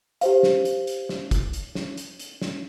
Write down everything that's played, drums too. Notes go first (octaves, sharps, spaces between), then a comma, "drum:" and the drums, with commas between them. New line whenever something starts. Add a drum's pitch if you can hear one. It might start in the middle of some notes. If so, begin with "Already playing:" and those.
G4 C5 F5, drum: hi-hat
drum: snare
drum: hi-hat
drum: hi-hat
drum: snare
drum: kick, hi-hat
drum: hi-hat
drum: snare
drum: hi-hat
drum: hi-hat
drum: snare